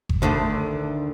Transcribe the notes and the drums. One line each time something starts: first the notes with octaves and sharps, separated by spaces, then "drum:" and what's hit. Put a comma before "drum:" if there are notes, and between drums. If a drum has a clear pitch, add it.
drum: kick G1
D2 D3 D#3 A3